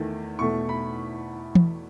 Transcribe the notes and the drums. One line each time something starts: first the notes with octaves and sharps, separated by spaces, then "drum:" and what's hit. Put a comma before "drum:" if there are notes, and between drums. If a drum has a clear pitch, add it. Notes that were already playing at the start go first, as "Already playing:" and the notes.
Already playing: E2 D#3 A3
E2 B2 A3 C#6
B5
drum: tom E3